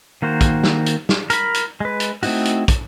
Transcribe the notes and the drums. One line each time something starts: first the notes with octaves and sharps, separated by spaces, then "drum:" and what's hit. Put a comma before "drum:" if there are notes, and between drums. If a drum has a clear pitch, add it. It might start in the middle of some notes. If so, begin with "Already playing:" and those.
D#3 A#3 F#4 C5
drum: kick, hi-hat
drum: snare
drum: hi-hat
drum: snare
A#4 B5, drum: hi-hat
drum: hi-hat
G#3 B4
drum: hi-hat
A3 C4 D#4 E4 F#4, drum: open hi-hat
drum: hi-hat
drum: kick, hi-hat